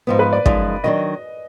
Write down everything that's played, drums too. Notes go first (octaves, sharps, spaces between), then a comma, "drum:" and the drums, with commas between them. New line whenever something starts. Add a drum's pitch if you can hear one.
G#2 F3 B3
B4
D5
F#2 F3 G#3 D#4 D5, drum: kick
D#3 F#3 D4 D#5